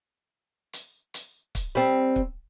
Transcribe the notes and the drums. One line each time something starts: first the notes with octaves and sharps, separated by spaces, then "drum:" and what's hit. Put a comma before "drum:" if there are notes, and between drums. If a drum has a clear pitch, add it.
drum: hi-hat
drum: hi-hat
drum: kick, hi-hat
G3 C4
drum: kick